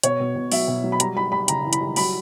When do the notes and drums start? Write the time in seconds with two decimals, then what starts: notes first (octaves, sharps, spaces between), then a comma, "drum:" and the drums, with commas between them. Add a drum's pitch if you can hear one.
0.03 B2 C#5, drum: hi-hat
0.20 B2
0.36 B2
0.52 F#3 E5, drum: open hi-hat
0.68 B2
0.84 F#3
0.92 B5
1.00 G3 A#5, drum: hi-hat
1.16 G3 B5
1.32 G3 B5
1.48 C#3 A#5, drum: hi-hat
1.64 E3
1.73 B5, drum: hi-hat
1.81 G3
1.96 F#3 B5, drum: open hi-hat